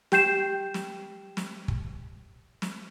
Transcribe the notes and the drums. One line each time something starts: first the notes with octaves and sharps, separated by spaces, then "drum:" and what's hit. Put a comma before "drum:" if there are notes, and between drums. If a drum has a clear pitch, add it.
G4 G5 G6 C7 E7, drum: snare
drum: snare
drum: snare
drum: kick
drum: snare